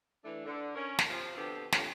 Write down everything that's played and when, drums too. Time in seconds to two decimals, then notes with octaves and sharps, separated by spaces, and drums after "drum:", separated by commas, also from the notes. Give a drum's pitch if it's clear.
0.24 E3 A3 D4
0.45 D3
0.75 C#4 A#4 C#5
0.99 drum: snare
1.09 C3 F3 F4
1.35 B2 D3 F3 B3 C4 G4
1.72 F2 D3 G4 C#5 F5, drum: snare